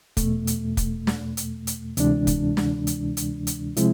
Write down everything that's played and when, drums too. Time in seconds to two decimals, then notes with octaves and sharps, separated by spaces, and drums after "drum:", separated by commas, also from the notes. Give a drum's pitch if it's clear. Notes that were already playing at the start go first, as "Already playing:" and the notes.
0.17 E2 B2 A3, drum: kick, hi-hat
0.47 drum: hi-hat
0.77 drum: kick, hi-hat
1.07 drum: snare
1.37 drum: hi-hat
1.67 drum: hi-hat
1.97 D2 C3 E3 G#3 D4, drum: hi-hat
2.27 drum: kick, hi-hat
2.57 drum: snare
2.87 drum: hi-hat
3.17 drum: hi-hat
3.47 drum: hi-hat
3.77 C3 F3 G#3 C4 E4, drum: hi-hat